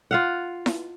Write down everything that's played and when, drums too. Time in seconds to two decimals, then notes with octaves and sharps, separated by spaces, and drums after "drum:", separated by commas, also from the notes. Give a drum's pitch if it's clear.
0.11 F4 F5 F#5
0.66 drum: snare E4